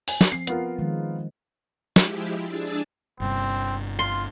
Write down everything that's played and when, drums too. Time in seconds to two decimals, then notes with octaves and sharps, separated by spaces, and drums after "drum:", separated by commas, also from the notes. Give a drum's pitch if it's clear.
0.08 G#5, drum: open hi-hat
0.21 drum: snare
0.32 F3 C4 C7
0.47 B3 F4 A#4, drum: hi-hat
0.79 D#3 F3 G#3
1.96 F3 G#3 E4 G4, drum: snare
2.41 D4 G#4 E6 A6
3.20 G1 G2 C3 C4
3.99 F4 C6